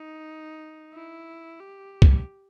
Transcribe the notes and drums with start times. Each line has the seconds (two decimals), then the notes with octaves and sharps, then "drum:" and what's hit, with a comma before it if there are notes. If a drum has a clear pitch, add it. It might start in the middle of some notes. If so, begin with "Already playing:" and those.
Already playing: D#4
0.94 E4
1.60 G4
2.02 drum: kick